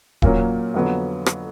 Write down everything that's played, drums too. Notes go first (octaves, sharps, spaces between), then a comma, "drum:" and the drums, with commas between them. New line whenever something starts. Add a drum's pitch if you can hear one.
A#2 F#3 A#3 C#4, drum: kick D#1
F2 D3 F#3 B3
drum: rim click